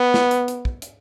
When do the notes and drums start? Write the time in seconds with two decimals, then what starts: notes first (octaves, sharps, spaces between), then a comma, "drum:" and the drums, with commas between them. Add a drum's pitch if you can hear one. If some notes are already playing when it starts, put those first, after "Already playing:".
Already playing: B3
0.14 drum: snare
0.31 drum: hi-hat
0.48 drum: hi-hat
0.65 drum: kick
0.82 drum: hi-hat